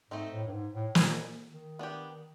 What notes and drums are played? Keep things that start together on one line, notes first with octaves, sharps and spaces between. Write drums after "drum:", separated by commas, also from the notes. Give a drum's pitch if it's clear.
G#2 A3 C4 D#4
A2
G2
G#2
A2
A#2 B3 D#4 G#4 C5, drum: snare
D#3
B3 D4 G4